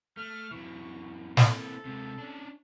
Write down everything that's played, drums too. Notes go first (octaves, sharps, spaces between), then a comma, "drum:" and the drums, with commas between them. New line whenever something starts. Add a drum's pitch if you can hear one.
A3 F6
F#2 E3 C#6
A#3 C4 E4 A4, drum: snare
C3 G#3
C#4 D4